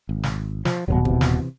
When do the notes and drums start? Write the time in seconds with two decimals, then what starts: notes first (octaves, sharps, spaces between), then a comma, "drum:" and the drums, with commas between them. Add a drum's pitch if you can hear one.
0.09 G#1
0.23 drum: snare
0.65 F3, drum: snare
0.88 D#1 G#1 D#2 B2 F#3
1.05 C3 E3, drum: kick
1.21 drum: snare